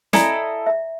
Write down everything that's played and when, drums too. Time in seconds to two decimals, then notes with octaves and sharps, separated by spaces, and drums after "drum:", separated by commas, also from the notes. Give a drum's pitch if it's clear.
0.13 E4 A4 D5 D#5 G#5 A#5, drum: snare
0.66 E5